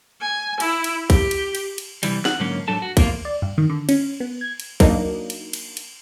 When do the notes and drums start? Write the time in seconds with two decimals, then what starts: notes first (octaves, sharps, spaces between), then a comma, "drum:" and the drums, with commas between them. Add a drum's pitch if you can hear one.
0.21 G#5
0.60 E4, drum: cymbal
0.84 drum: cymbal
1.10 G4, drum: kick, cymbal
1.31 drum: cymbal
1.55 drum: cymbal
1.78 drum: cymbal
2.03 C2 E3 G3, drum: cymbal
2.25 F#5, drum: snare
2.39 G#2 D3 F#3 A#3 C#4
2.68 G#2 F#3 D4 A4 A5
2.82 F#4
2.97 E2 A#3 F4, drum: kick, cymbal
3.25 D5
3.42 G2
3.58 D#3
3.70 D3
3.89 C#4, drum: cymbal
4.20 B3
4.41 G#6
4.60 drum: cymbal
4.80 F#3 A#3 D4 D#4, drum: kick, cymbal
5.30 drum: cymbal
5.53 drum: cymbal
5.77 drum: cymbal